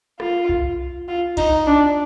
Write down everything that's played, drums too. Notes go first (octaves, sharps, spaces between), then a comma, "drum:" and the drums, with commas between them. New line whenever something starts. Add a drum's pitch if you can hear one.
F4, drum: rim click
drum: kick C2
F4
D#4, drum: kick C2, cymbal
D4